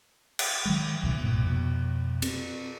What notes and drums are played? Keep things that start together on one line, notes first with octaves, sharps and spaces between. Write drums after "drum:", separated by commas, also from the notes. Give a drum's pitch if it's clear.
drum: cymbal
D#3 F#3 G#3
C#2 B2 D#3
C2 G2 A#2
F2 B2
C4, drum: cymbal